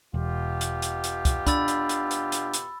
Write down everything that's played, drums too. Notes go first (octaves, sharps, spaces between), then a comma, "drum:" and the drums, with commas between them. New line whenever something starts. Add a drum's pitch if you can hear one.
E1 B2 F4 G4
drum: hi-hat
drum: hi-hat
drum: hi-hat
drum: kick, hi-hat
D4 B5 E6 A6, drum: kick, hi-hat
drum: hi-hat
drum: hi-hat
drum: hi-hat
drum: hi-hat
drum: hi-hat